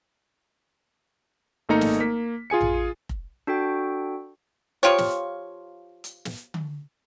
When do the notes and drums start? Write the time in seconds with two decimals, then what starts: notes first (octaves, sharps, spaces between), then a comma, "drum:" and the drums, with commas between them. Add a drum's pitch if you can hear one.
1.69 G#1 A3 A#3 D#4 A#5 C#7
1.81 drum: snare
2.00 A#3 B6
2.50 F4 G#4 G#5 C#7
2.61 drum: tom A1
3.09 drum: kick F1
3.47 D4 F#4 A4 G5
4.83 F3 F4 G4 C#5
4.98 drum: snare
6.04 drum: hi-hat
6.25 drum: snare
6.54 drum: tom D3